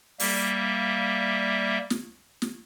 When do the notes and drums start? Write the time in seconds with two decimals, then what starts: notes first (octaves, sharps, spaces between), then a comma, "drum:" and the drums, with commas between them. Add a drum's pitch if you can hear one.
0.20 G3 A#3 E5, drum: open hi-hat
1.90 drum: snare
2.42 drum: snare